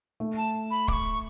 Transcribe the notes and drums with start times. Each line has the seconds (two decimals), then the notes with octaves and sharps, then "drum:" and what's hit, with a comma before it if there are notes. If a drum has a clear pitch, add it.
0.20 A3
0.37 A5
0.71 B5
0.88 D6, drum: kick
0.93 C#6